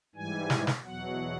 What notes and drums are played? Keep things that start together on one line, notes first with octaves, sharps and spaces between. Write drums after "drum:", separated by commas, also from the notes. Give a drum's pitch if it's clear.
G#2 E3 G3 G#5
drum: snare
drum: snare
E2 B2 F#3 F#5